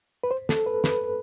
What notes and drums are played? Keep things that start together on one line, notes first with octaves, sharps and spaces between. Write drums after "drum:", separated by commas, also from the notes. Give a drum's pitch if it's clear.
B4
C5
A4, drum: snare
B4
B4, drum: snare